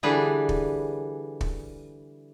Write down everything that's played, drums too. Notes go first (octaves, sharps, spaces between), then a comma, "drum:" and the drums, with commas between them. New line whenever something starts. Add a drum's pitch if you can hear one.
D3 E3 G3 G#4 B4
drum: kick
drum: kick